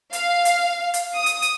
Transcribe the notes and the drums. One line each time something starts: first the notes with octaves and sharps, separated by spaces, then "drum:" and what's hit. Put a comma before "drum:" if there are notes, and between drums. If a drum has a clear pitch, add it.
F5, drum: hi-hat
drum: hi-hat
drum: hi-hat
D#6
drum: hi-hat
drum: hi-hat